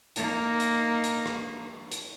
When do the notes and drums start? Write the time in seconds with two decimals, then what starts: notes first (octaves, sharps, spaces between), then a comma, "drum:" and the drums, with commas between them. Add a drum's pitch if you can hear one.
0.16 A#3 D#4, drum: hi-hat
0.60 drum: hi-hat
1.04 drum: hi-hat
1.26 drum: rim click
1.92 drum: hi-hat